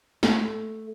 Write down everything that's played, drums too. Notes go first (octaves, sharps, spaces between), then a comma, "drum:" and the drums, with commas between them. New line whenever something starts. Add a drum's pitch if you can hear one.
A3, drum: snare